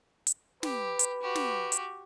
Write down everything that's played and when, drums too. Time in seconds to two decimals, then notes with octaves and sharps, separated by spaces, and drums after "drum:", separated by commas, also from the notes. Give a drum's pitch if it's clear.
0.27 drum: hi-hat
0.63 G4 B4, drum: snare
0.99 drum: hi-hat
1.21 F#4 G4
1.35 drum: snare
1.72 drum: hi-hat